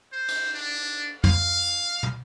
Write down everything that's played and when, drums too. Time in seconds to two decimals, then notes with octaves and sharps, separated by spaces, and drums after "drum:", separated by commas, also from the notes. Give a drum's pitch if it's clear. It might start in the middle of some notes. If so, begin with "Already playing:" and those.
0.12 C5
0.28 drum: cymbal
0.54 D4
1.24 F5, drum: tom
2.03 drum: tom